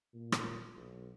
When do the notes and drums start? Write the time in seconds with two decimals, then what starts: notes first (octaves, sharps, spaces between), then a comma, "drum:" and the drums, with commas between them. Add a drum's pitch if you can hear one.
0.14 A#2
0.32 drum: rim click
0.74 B1